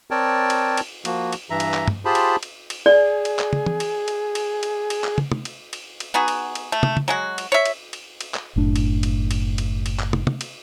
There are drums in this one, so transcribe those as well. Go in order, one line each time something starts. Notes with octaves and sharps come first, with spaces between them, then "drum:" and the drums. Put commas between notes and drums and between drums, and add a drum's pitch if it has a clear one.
C4 A#4 C#5 D5 G5 A5
drum: cymbal
drum: cymbal
F3 A#3 F#4, drum: cymbal
drum: cymbal
G2 E3 E5 A#5
drum: cymbal
drum: clap
drum: tom
F4 G4 G#4 C5 A5 B5
drum: cymbal
drum: cymbal
drum: cymbal
G#4 D5
drum: cymbal
drum: clap
drum: tom
drum: tom E3
drum: cymbal
drum: cymbal
drum: cymbal
drum: cymbal
drum: cymbal
drum: clap
drum: tom
drum: tom
drum: cymbal
drum: cymbal
drum: cymbal
B3 D#4 F#4 G#4
drum: cymbal
drum: cymbal
A3
drum: tom
drum: tom
F#3 G#3 F#4
drum: cymbal
C#5 E5
drum: cymbal
drum: cymbal
drum: cymbal
drum: clap
F#1 A2 D4
drum: cymbal
drum: cymbal
drum: cymbal
drum: cymbal
drum: cymbal
drum: clap
drum: tom
drum: tom
drum: cymbal